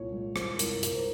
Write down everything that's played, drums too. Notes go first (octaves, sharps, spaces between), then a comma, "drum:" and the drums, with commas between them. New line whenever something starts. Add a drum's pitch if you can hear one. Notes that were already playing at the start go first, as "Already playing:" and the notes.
Already playing: C2 A#2 C#5
G#3
G#3 C5, drum: rim click
C2 A#4, drum: hi-hat
C2 A#4, drum: hi-hat
C5